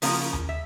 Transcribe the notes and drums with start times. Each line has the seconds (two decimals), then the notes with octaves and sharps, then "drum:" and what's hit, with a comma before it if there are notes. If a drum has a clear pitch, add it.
0.02 C#3 F3 A#3 C#4 F4 A#4, drum: open hi-hat
0.33 drum: tom D#2
0.49 E5